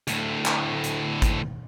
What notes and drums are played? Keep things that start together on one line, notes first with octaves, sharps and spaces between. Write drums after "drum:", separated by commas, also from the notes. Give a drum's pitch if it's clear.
D2 A2, drum: hi-hat
drum: clap
drum: hi-hat
drum: kick, hi-hat